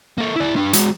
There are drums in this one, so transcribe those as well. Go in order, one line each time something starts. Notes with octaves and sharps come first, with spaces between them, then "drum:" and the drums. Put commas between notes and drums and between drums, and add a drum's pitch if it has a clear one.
A#3 A4
E4 D5
D4 B4
G#3 F#4, drum: hi-hat